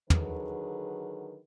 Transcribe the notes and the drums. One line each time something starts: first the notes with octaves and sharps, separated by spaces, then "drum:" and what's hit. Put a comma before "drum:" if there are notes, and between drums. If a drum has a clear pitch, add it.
D3 D#3 F#3 G#4 B4, drum: tom